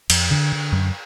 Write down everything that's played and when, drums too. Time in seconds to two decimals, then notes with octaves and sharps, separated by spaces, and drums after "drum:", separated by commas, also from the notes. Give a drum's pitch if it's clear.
0.10 F2, drum: cymbal
0.31 D3
0.52 D3
0.72 F#2